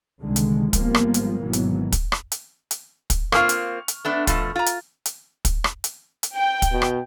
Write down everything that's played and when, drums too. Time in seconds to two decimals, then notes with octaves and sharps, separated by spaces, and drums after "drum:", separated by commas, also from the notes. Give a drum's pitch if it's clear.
0.21 C2 D3 D#3 G#3
0.36 drum: hi-hat
0.73 G#1 F3 G3 G#3 A#3 B3, drum: kick, hi-hat
0.95 drum: rim click
1.14 drum: hi-hat
1.42 G#1 B2 E3 F#3 B3
1.53 drum: hi-hat
1.92 drum: kick, hi-hat
2.12 drum: rim click
2.32 drum: hi-hat
2.71 drum: hi-hat
3.10 drum: kick, hi-hat
3.32 A#3 C4 F4 C#6 F6, drum: rim click
3.49 drum: hi-hat
3.88 drum: hi-hat
4.05 A3 B3 D4
4.27 B2 F3 A3, drum: kick, hi-hat
4.56 F4 A#5
4.66 drum: hi-hat
5.06 drum: hi-hat
5.45 drum: kick, hi-hat
5.64 drum: rim click
5.84 drum: hi-hat
6.23 drum: hi-hat
6.34 G5
6.62 drum: kick, hi-hat
6.72 B2
6.82 drum: rim click